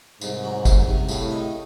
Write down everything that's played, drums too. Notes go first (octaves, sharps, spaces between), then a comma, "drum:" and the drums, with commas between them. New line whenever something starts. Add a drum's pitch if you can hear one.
C2 G#2, drum: tambourine
F#3
C2, drum: kick, tambourine
C3
A2 C#3, drum: tambourine
D#4